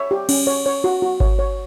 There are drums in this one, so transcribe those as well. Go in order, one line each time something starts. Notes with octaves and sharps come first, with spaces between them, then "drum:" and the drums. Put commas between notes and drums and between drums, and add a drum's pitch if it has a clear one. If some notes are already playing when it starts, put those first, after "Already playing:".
Already playing: C#5 E5
G4
C#4, drum: cymbal
C#5
C#5
F#4
F#4
C#5, drum: kick G#1
C#5